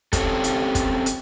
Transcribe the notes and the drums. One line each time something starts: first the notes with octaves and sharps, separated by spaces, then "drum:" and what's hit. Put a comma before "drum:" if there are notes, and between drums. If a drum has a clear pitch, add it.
C4 C#4 G4 A4, drum: kick, hi-hat
drum: hi-hat
drum: kick, hi-hat
drum: hi-hat